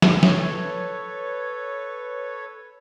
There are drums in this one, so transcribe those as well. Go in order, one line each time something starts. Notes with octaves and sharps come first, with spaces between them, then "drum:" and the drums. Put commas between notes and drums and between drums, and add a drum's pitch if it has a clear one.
drum: snare
A4 B4 C#5, drum: snare